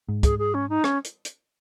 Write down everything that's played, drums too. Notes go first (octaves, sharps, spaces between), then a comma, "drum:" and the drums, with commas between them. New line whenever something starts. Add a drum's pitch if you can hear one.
G#2
G#4, drum: kick, hi-hat
G#4
C#4
D#4
C#4, drum: rim click
drum: hi-hat
drum: hi-hat